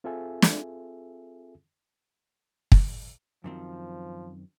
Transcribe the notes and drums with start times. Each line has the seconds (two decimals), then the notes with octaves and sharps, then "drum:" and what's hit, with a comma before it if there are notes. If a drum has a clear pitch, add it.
0.04 C4 F4 G#4 A4 E5 G#5
0.42 drum: snare
2.72 drum: kick
3.44 F#2 D#3 F3 C4